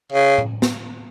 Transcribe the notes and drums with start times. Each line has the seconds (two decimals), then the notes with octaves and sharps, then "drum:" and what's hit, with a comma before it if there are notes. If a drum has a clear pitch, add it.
0.12 C#3
0.38 drum: tom A2
0.62 drum: snare